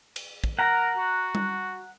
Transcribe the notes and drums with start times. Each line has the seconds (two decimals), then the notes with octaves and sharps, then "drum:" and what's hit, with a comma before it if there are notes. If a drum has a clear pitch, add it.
0.16 drum: cymbal
0.44 drum: kick
0.59 A#4 F#5 A#5
0.97 F#4
1.35 drum: tom G3